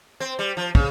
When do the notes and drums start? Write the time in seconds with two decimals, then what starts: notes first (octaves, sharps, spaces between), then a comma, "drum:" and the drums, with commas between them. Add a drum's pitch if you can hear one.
0.20 C4
0.39 G3
0.57 F3
0.75 C#3, drum: kick